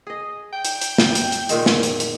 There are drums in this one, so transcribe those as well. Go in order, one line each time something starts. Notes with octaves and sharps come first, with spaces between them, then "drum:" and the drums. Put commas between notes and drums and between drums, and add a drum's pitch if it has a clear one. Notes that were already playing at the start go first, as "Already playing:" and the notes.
G#4 D#5
G5
drum: hi-hat
drum: hi-hat
drum: snare
drum: hi-hat
drum: hi-hat
A#2 D#3 G#3, drum: hi-hat
drum: snare
drum: hi-hat
drum: hi-hat